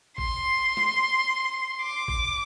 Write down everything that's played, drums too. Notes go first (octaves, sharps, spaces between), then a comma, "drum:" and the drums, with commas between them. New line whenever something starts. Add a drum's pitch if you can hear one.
C6, drum: kick A1
drum: snare
D6
drum: kick A1